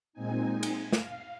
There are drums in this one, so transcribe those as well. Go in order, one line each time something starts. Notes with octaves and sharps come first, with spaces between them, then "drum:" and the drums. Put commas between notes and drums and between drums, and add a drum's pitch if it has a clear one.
A#2 G#3 C4 D#4 G#5
drum: cymbal
F5, drum: snare